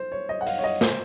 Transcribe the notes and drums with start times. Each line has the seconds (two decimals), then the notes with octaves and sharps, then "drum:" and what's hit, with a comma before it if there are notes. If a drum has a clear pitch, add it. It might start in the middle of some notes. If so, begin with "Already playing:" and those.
Already playing: C5
0.12 C#5
0.29 D#5
0.41 F#5
0.46 F5, drum: open hi-hat
0.59 C#5
0.64 D#5
0.81 C5, drum: snare